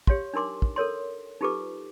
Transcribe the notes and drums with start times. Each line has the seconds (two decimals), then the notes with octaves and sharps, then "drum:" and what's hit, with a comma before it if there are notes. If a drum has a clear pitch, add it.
0.07 G4 C#5 F5 C6, drum: kick
0.34 D4 D#4 A#4 C6 D6
0.62 drum: kick
0.76 A4 A#4 C#5 C6
1.41 D#4 F4 G4 A4 B4 D6